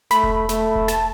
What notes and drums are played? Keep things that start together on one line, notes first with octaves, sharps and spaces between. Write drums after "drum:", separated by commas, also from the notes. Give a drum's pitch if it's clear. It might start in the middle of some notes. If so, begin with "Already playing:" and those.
A3 B5, drum: snare
drum: kick E1
A3, drum: snare
drum: kick E1
A5, drum: snare